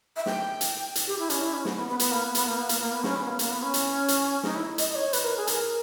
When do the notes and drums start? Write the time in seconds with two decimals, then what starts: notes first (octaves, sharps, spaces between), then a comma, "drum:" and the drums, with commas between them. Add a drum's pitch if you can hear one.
0.17 E5
0.26 G5, drum: snare
0.61 drum: hi-hat
0.95 drum: hi-hat
1.07 G4
1.19 E4
1.30 C#4, drum: hi-hat
1.42 E4
1.54 C#4
1.65 B3, drum: snare
1.76 B3
1.88 B3
2.00 B3, drum: hi-hat
2.11 A#3
2.23 B3
2.35 B3, drum: hi-hat
2.46 A#3
2.58 B3
2.69 A#3, drum: hi-hat
2.80 A#3
2.92 B3
3.04 C#4, drum: snare
3.16 B3
3.28 A#3
3.39 A#3, drum: hi-hat
3.50 B3
3.63 C#4
3.74 drum: hi-hat
4.08 drum: hi-hat
4.43 D#4, drum: snare
4.55 E4
4.78 D#5, drum: hi-hat
4.89 D#5
4.95 C#5
5.13 B4, drum: hi-hat
5.24 A#4
5.37 G#4
5.47 A#4, drum: hi-hat